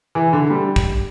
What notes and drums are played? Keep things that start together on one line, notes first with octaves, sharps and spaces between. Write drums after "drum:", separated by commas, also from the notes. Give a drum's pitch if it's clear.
E3
D3
G3
drum: kick